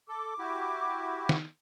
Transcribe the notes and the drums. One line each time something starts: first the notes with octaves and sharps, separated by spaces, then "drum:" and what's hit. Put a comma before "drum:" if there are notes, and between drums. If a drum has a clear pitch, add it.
A4 D6
E4 F#4 G4
drum: snare